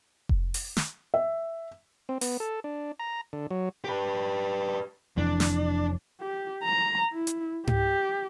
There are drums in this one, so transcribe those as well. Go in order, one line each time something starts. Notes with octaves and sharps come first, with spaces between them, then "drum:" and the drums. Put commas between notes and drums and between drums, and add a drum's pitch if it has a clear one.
drum: kick F1
drum: open hi-hat
drum: snare
E5
C4
B3, drum: open hi-hat
A4
D4
A#5
D3
F#3
G4 B4
F1 F2 E3 D4
drum: snare
G4
A#5
E4
drum: hi-hat
G4, drum: tom G#2